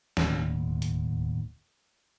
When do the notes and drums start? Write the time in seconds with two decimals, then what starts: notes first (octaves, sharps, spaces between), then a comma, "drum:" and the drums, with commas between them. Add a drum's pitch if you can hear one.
0.17 D1 D#2 B2, drum: snare
0.82 drum: hi-hat